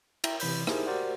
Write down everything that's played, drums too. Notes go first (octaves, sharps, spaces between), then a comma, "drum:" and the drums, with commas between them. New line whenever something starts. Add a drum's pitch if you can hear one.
E4 E5 G5 A#5, drum: cymbal
C3 E3 B5 G6, drum: open hi-hat
D#4 E4 G4 G#4 A#4 C5, drum: rim click
F#4 G4 A#4 C5 D5 F#5